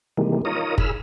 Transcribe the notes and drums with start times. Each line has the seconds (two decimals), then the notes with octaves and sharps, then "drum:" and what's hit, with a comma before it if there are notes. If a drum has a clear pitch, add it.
0.17 C3 D#3 E3 G3 G#3 A#3
0.45 D#4 F4 A#4 C#5 A#5 D#6
0.78 G#4 B5 E6 F6, drum: kick